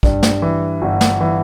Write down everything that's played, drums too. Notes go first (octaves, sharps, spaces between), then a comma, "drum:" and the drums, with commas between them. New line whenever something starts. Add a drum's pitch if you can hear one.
G2, drum: kick
drum: snare
E3
G1
drum: snare
E3